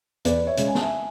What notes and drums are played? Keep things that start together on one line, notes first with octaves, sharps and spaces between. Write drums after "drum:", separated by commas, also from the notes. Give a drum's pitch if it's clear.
E2 B4 D5, drum: hi-hat
C#5 E5
C#3 G#3, drum: hi-hat
G#5
A5, drum: snare
E5 G#5